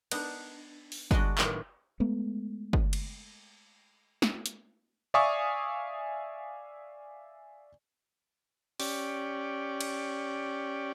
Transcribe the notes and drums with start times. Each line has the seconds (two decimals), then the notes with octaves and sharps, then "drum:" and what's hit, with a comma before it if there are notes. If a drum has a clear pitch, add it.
0.11 B3 D4 D#4, drum: cymbal
0.92 drum: open hi-hat
1.11 G3 G#3 D4 F#4 D#5, drum: kick
1.38 A2 D#3 F#3 B3 F4 G4, drum: clap
2.00 G#3 A3 B3
2.73 drum: kick
2.93 drum: cymbal
4.22 drum: snare
4.46 drum: hi-hat
5.14 D5 E5 F5 G#5 C#6 D#6
8.80 C#4 G4 D5, drum: open hi-hat
9.81 drum: cymbal